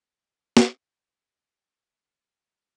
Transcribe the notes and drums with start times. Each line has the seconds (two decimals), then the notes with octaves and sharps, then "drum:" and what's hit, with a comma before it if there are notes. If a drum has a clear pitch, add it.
0.17 C3 F#3 B3 E4 G4
0.57 drum: snare
1.64 E2 D3 F#3 B3 E4